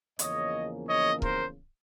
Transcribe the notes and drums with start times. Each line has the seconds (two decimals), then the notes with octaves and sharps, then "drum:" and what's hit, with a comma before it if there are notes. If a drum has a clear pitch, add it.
0.19 E2 C#3 F3 A#3 C#4 C#5 D#5, drum: hi-hat
0.88 C#5 D#5
1.22 A#4 C5, drum: kick C#1